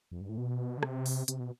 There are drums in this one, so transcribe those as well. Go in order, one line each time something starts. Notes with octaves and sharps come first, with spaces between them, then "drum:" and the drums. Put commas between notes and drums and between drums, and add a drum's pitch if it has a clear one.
F2
G2
A2
B2
D3
C3, drum: rim click
drum: open hi-hat
C3, drum: hi-hat
B2